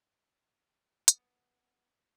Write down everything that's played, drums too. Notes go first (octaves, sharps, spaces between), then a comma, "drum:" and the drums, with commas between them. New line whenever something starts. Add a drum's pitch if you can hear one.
B3, drum: hi-hat